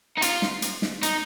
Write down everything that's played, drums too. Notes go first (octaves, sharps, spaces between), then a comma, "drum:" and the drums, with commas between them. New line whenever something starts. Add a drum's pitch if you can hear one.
D#4
F4, drum: hi-hat
drum: snare
drum: hi-hat
drum: snare
D#4, drum: hi-hat